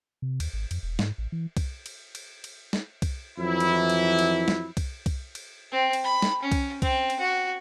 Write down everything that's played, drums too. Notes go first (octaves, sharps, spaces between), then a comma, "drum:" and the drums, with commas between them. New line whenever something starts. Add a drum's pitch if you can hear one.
C3
D#2, drum: cymbal
G#1
F2, drum: cymbal
E1
G#2, drum: snare
A1
E3
drum: kick C2, cymbal
drum: cymbal
drum: cymbal
drum: cymbal
drum: snare
drum: kick C2, cymbal
F2 E3 F#3 E4
drum: cymbal
drum: cymbal
drum: cymbal
drum: snare
drum: kick C2, cymbal
drum: kick C2, cymbal
drum: cymbal
C4
drum: cymbal
B5
drum: snare
C#4
drum: kick C2, cymbal
C4, drum: kick C2, cymbal
drum: cymbal
F#4